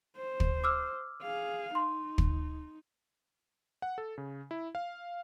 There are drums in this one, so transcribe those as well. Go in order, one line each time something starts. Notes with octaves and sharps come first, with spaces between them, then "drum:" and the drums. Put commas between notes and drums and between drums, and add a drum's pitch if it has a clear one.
C5
drum: kick
D6 E6 F6
G#4 F5
D#4 C6
drum: kick
F#5
A4
C#3
E4
F5